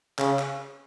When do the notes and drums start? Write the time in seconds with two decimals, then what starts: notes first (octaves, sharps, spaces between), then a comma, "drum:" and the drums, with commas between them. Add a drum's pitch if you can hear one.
0.19 C#3, drum: clap
0.39 drum: clap